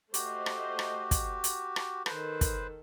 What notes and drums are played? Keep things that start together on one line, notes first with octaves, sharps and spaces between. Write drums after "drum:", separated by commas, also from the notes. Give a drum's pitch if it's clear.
A3 F#4 G4 C5 D#5, drum: hi-hat
drum: rim click
drum: rim click
drum: kick, hi-hat
drum: hi-hat
drum: rim click
D#3 A4 B4 C5, drum: rim click
drum: kick, hi-hat